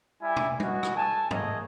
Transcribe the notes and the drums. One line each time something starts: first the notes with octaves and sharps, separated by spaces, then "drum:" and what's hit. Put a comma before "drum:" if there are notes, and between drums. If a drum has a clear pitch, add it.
G3 E4 G#5
drum: tom A#2
C#4 F#4 B4 D#5, drum: tom G3
drum: rim click
A4 G#5 A5
A3 A#3 G#4 D#5, drum: tom G2